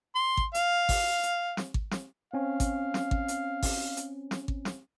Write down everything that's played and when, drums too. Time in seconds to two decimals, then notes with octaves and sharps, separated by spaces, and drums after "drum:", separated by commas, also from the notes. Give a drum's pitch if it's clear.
0.16 C6
0.37 drum: kick G#1
0.55 F5, drum: hi-hat
0.89 drum: kick G#1, open hi-hat
1.23 drum: hi-hat
1.57 drum: snare
1.74 drum: kick G#1
1.91 drum: snare
2.34 C4 C#4 F5
2.60 drum: kick G#1, hi-hat
2.94 drum: snare
3.11 drum: kick G#1
3.28 drum: hi-hat
3.63 drum: kick G#1, open hi-hat
3.97 drum: hi-hat
4.31 drum: snare
4.48 drum: kick G#1
4.65 drum: snare